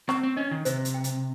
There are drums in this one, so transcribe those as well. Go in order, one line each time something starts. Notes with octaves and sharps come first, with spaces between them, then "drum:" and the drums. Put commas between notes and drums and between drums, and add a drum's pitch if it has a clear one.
C4 C#6, drum: rim click
C4
C#4 D#5
D#3
C3 C5, drum: hi-hat
drum: hi-hat
G5
drum: hi-hat